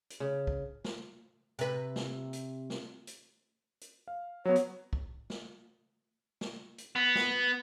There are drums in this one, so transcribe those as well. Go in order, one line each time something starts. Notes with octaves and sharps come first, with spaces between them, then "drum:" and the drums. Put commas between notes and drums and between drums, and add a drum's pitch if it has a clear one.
drum: hi-hat
C#3
drum: kick
drum: snare
C3 B4, drum: hi-hat
drum: snare
drum: hi-hat
drum: snare
drum: hi-hat
drum: hi-hat
F5
F#3 B3 C#5
drum: hi-hat
drum: kick
drum: snare
drum: snare
drum: hi-hat
B3
drum: snare